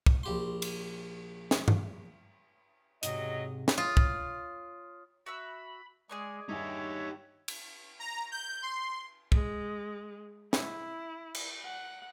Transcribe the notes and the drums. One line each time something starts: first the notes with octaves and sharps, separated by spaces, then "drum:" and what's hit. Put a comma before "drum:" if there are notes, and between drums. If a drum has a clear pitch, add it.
drum: kick
A#1 G4 C6
drum: cymbal
drum: snare
drum: tom G2
E2 G#2 C3 F#3 D#5, drum: hi-hat
drum: snare
F4 C#5 D#6
drum: kick
F#4 E5 B5 E6
G#3 G#4 D5 C#6
G2 D#3 D#4 G4 C#5 E5 G#5
drum: cymbal
A#5
G6
C6
G#3, drum: kick
E4, drum: snare
drum: cymbal
F#5